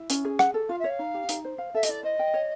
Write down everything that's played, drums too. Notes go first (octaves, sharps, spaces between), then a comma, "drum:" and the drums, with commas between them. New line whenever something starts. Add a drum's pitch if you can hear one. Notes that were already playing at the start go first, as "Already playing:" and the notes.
Already playing: E4
C#4, drum: hi-hat
G#4
F#5, drum: rim click
A4
F4 F5
E5
C#5 F5
D#4
G4
D#4, drum: hi-hat
C5
F5
A4 E5
D#5, drum: hi-hat
E4 D5
C5 D#5
G5
C#5